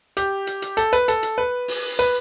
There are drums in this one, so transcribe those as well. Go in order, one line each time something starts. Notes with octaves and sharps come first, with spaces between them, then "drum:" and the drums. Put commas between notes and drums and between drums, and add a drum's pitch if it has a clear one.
G4, drum: hi-hat
drum: hi-hat
drum: hi-hat
A4, drum: hi-hat
B4, drum: hi-hat
A4, drum: hi-hat
drum: hi-hat
B4
drum: open hi-hat
B4, drum: hi-hat